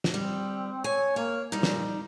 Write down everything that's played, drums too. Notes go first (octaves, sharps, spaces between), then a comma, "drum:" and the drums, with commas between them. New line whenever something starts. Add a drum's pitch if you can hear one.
drum: snare
G3 C4
C#5 G#5
A#3 C#5
A#2 G3 D#4
drum: snare